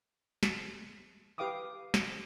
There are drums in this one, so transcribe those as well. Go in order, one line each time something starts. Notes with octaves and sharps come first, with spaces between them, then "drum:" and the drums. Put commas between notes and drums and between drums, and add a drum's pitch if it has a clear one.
drum: snare
G4 B4 F5 G5 D6 D#6
drum: snare